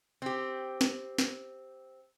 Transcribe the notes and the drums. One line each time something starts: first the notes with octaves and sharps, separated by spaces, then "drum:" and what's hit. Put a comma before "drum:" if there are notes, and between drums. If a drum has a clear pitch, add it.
C4 G4
drum: snare
drum: snare